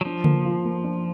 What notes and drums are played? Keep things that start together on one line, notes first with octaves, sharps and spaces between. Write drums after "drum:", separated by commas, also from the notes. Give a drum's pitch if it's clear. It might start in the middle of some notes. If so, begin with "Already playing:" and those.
F#3
F3 D4
A#3, drum: tom C#3
F4
A#3
D4